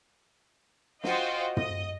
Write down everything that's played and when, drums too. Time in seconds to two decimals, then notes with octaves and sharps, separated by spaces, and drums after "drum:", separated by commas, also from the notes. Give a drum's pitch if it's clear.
1.04 F4 F#4 C5 D#5 F5 G5, drum: snare
1.57 D#5, drum: tom